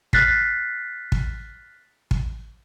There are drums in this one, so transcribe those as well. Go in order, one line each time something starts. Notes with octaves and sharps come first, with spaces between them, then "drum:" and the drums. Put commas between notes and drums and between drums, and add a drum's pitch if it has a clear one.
F6 F#6 A6 B6 C7, drum: kick
drum: kick
drum: kick